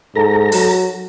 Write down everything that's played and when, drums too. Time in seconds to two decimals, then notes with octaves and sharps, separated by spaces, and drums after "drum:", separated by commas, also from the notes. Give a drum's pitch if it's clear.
0.16 G#2 A4 A#5
0.52 F#3, drum: open hi-hat